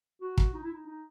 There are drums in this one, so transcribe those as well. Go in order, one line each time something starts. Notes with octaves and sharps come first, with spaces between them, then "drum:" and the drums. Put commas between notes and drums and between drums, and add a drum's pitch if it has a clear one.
F#4
drum: kick
D#4
E4
D#4
D#4